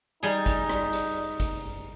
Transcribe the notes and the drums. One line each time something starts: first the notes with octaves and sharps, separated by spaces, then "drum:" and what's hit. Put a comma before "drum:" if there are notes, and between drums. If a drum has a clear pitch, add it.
G3 D#4 G#4
drum: kick G#1, hi-hat
drum: rim click
drum: hi-hat
drum: kick G#1, hi-hat